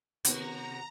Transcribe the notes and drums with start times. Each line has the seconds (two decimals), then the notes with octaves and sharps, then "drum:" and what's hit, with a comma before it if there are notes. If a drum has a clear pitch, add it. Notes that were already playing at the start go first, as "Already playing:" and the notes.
0.25 C3 D#3 B3 F#4 A#5, drum: hi-hat